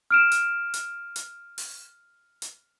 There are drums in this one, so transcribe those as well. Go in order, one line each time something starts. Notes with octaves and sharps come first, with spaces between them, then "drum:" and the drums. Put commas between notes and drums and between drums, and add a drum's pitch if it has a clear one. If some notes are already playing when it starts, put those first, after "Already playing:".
F6 D7 E7
drum: hi-hat
drum: hi-hat
drum: hi-hat
drum: open hi-hat
drum: hi-hat